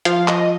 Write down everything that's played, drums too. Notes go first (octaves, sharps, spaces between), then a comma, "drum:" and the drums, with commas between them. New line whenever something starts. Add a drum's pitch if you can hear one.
F3 F5, drum: hi-hat
D#5, drum: clap